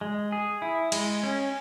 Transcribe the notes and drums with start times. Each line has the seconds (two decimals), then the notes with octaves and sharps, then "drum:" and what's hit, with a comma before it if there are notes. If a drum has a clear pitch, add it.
0.01 G#3
0.32 G#4
0.62 E4
0.92 G#3, drum: cymbal
1.23 C#4